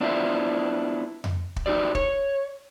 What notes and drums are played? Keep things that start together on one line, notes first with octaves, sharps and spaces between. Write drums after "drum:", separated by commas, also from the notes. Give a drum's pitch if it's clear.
B3 D4 E4 F4 C5 E5
drum: tom F2
drum: kick
D#4 F#4 G4 D5
C#5, drum: kick